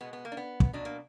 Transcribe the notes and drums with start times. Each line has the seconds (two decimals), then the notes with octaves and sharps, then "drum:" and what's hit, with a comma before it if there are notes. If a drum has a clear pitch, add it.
0.01 B2 G#3 B3
0.13 B3
0.25 A#3
0.32 D4
0.37 B3
0.60 drum: kick
0.73 B2 F#3 D4
0.85 A#3